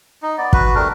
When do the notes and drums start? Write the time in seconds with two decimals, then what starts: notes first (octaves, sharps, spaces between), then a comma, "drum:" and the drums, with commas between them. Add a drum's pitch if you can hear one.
0.23 D#4
0.38 B3 D5
0.53 F#4 B4, drum: kick
0.75 G3 A3 D4 A#4